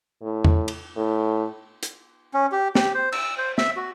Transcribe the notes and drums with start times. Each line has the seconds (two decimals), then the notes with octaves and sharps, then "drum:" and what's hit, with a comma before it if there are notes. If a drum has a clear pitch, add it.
0.22 A2
0.45 drum: tom E2
0.68 drum: cymbal
0.96 A2
1.83 drum: hi-hat
2.34 C#4
2.52 G4
2.75 G4, drum: snare
2.94 C5
3.12 E6, drum: cymbal
3.38 C5
3.58 E5, drum: snare
3.77 F#4